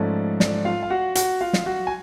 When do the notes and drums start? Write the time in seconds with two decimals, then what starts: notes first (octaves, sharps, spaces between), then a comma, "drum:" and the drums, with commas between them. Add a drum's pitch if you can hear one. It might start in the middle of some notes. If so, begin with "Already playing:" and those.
Already playing: G#2 F3 A3 C#4 D5
0.40 D5, drum: snare
0.65 F4 F5
0.83 F5
0.90 F#4 F#5
1.15 F#4 F#5, drum: hi-hat
1.41 F4 F5
1.53 drum: snare
1.66 F#4 F#5
1.87 G#5